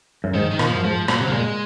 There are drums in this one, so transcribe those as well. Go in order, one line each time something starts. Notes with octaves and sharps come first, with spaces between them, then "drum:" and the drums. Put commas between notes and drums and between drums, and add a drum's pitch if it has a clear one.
F#2
G#2 D#3
D#3
A#2, drum: rim click
F3
F#2
G#2 F3
A#2 F#3, drum: rim click
C3
G#2 A#3
A#2 G#3